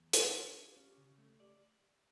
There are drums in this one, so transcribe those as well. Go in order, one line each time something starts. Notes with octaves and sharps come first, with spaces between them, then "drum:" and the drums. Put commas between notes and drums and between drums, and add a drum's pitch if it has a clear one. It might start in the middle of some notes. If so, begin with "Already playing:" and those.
Already playing: E2
A#3 C#5, drum: hi-hat
C#4
E4 F4
D4
F4 G4
G4
C#4
G4
C#3
A3
G4 D5